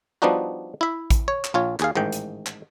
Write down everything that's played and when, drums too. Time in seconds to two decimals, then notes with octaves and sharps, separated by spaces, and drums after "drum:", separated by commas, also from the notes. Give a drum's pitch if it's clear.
0.22 F3 G3 B3 D4 D#4 F#4
0.81 E4 E5
1.10 drum: kick, hi-hat
1.28 C#5
1.44 drum: clap
1.54 A#1 F4 C#5
1.80 D#2 G#4 F5, drum: clap
1.95 A1 G#2 D#3 G5
2.12 drum: hi-hat
2.46 drum: clap